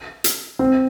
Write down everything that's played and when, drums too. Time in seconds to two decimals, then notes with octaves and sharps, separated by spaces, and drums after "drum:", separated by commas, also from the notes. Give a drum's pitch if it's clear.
0.24 drum: hi-hat
0.59 C4